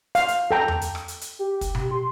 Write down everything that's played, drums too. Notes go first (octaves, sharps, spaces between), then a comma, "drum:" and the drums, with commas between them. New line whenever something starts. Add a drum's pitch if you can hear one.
F5, drum: hi-hat
drum: hi-hat
A4 G5 A#5
drum: tom E2
drum: hi-hat
drum: rim click
drum: hi-hat
drum: hi-hat
G4
drum: kick, hi-hat
drum: tom B2
C6